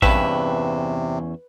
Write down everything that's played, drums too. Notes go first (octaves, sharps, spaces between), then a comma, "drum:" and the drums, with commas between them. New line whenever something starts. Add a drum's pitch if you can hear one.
E2 G2 C3 C#4 B4 E5, drum: kick A1